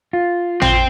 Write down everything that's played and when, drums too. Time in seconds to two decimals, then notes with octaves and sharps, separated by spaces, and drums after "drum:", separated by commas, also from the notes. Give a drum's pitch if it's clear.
0.13 F4
0.62 C4, drum: tom